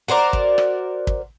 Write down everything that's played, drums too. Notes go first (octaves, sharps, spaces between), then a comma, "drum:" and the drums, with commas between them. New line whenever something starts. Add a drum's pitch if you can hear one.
F#4 A#4 C5 D5
drum: kick
drum: rim click
drum: kick